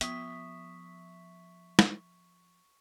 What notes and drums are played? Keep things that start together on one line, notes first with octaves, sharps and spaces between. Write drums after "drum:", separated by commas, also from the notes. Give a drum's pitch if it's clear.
F3 B3 E5 C#6 D#6 B6, drum: hi-hat
drum: snare